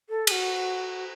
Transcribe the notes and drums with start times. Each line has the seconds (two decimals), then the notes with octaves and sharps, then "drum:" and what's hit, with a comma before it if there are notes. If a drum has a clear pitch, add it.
0.09 A4
0.27 G#4, drum: cymbal
0.31 F#4